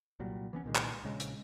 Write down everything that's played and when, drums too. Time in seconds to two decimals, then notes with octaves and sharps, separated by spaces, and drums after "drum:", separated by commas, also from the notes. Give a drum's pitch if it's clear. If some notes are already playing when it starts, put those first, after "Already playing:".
0.19 C2 A#2 F#3 G3
0.53 E3 B3 C#4
0.64 C2 A#2 D#3 G#3
0.75 drum: clap
1.03 A#1 C#3 G#3
1.20 drum: hi-hat